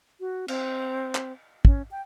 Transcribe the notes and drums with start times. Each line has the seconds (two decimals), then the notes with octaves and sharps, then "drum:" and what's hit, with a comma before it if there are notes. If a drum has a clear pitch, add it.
0.20 F#4
0.48 C4, drum: cymbal
1.15 drum: clap
1.65 C#4, drum: kick
1.91 G5